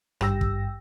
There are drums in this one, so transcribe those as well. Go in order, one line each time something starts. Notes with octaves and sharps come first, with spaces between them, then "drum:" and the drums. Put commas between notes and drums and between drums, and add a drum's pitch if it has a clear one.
G#1 G2 G4 G5 E6 A#6, drum: rim click
drum: kick